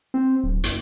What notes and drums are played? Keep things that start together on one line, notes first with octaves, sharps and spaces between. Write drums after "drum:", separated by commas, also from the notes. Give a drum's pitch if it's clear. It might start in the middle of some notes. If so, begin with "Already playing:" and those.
C4
D1
F#1, drum: hi-hat